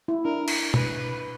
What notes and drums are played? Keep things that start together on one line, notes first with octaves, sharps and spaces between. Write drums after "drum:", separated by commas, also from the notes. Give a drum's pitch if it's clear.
E4
D4 A#4
drum: cymbal
B4, drum: tom